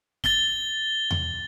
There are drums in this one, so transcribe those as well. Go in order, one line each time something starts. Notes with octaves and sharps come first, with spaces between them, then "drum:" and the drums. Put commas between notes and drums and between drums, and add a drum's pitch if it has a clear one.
A6 G7, drum: snare
drum: tom E2